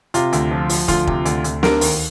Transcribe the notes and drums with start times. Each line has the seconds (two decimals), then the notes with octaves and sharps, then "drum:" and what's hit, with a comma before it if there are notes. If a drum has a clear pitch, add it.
0.14 C3 F4, drum: hi-hat
0.33 D2, drum: hi-hat
0.51 F3
0.69 F3, drum: open hi-hat
0.88 D2 F4, drum: kick, hi-hat
1.07 C3, drum: kick
1.25 D2, drum: hi-hat
1.44 D2, drum: hi-hat
1.63 D3 A#4, drum: snare
1.81 D#2, drum: open hi-hat